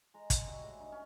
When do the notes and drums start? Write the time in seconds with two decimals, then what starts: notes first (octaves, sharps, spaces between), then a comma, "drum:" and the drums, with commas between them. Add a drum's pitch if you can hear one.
0.14 G#3 A#5
0.30 G#3, drum: kick, hi-hat
0.47 G3 F#4 D#5 E5
0.61 A2 G#3
0.79 G2 D#4
0.92 C#4